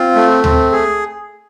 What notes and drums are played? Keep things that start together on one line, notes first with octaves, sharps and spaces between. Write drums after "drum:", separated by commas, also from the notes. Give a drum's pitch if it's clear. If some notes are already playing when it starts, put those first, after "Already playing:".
Already playing: C4 F4
A3
C4, drum: tom D2
G#4